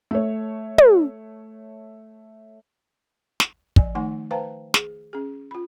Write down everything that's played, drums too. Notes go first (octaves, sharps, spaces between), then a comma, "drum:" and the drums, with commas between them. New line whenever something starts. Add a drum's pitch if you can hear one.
A3 C#5
drum: tom
drum: snare
F3 D5 G#5, drum: kick
D#3 A3 D#4 F#5 G#5 C6
B4 C5 F5 G5 A5 A#5
G#4, drum: snare
C#4 G#4
F4 B5